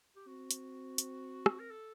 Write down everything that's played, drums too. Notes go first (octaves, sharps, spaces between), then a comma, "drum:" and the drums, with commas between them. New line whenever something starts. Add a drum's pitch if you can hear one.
G4
C4 F#4
drum: hi-hat
drum: hi-hat
drum: rim click
A#4
A4